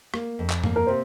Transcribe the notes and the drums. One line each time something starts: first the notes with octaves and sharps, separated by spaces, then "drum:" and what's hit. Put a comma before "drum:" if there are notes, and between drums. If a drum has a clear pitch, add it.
A#3, drum: rim click
F2
drum: clap
A#3, drum: tom G2
A#4
C3 C5